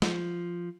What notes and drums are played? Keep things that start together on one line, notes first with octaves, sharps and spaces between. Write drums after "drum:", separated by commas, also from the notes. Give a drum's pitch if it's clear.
F3, drum: snare